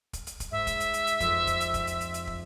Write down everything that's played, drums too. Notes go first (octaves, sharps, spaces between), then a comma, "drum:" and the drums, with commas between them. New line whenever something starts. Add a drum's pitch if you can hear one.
drum: kick, hi-hat
drum: hi-hat
drum: kick, hi-hat
G#2 E5
drum: kick, hi-hat
drum: hi-hat
drum: hi-hat
drum: hi-hat
F2, drum: kick, hi-hat
drum: kick, hi-hat
drum: hi-hat
drum: kick, hi-hat
drum: hi-hat
drum: hi-hat
drum: hi-hat
drum: kick